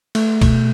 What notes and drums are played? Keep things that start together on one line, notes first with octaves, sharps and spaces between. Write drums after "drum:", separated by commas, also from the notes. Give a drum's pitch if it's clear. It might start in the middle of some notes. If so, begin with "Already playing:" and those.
A3, drum: cymbal
B2, drum: kick, cymbal